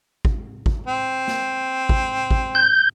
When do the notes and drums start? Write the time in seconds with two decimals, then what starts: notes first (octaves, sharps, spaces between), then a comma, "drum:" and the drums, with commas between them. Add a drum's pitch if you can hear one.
0.25 drum: kick
0.66 drum: kick
0.86 C4
1.28 drum: snare
1.89 drum: kick
2.31 drum: kick
2.55 G6